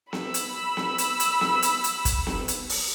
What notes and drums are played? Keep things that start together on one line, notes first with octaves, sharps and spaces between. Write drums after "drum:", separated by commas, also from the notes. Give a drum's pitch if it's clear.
B5 E6, drum: snare B3
drum: hi-hat
drum: snare B3
drum: hi-hat
drum: hi-hat
drum: snare B3
drum: hi-hat
drum: hi-hat
drum: kick, hi-hat
drum: snare B3
drum: hi-hat
drum: open hi-hat